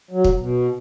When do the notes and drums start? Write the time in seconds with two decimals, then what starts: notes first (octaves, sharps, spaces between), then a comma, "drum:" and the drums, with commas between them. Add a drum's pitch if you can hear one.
0.11 F#3
0.24 drum: kick
0.38 B2